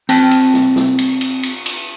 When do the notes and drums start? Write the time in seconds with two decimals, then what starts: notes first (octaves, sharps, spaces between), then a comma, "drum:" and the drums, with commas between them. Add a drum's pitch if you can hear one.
0.09 C4 G5 A5, drum: cymbal
0.31 drum: cymbal
0.54 drum: snare
0.76 drum: snare
0.98 drum: cymbal
1.21 drum: cymbal
1.43 drum: cymbal
1.66 drum: cymbal